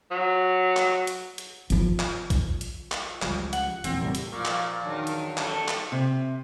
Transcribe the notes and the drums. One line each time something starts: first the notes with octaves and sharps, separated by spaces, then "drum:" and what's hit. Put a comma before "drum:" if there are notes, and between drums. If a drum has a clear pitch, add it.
F#3
drum: clap
drum: hi-hat
drum: hi-hat
F3 F4, drum: hi-hat
drum: clap
drum: kick, hi-hat
drum: hi-hat
drum: clap
C#2 F3 G3, drum: clap
F#5, drum: hi-hat
E1 A#1 E2 C4, drum: hi-hat
A2 C3 G3 A#4
drum: hi-hat
A#2 F3 A#4 D5 C#6
drum: clap
E2 D#3 F#3 D4
drum: hi-hat
F#2 A3, drum: clap
drum: clap
C3